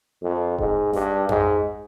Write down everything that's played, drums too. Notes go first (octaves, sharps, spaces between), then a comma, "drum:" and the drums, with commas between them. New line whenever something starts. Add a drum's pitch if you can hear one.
F2
G#2, drum: kick E1
G2, drum: snare G1
G#2, drum: tom F2